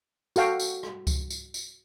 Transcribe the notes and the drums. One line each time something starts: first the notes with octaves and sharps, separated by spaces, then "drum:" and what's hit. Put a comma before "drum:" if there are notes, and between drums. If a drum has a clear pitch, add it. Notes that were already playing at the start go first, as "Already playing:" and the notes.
F#4 A4 F5 G5, drum: tambourine
drum: tambourine
drum: rim click
drum: kick C#2, tambourine
drum: tambourine
drum: tambourine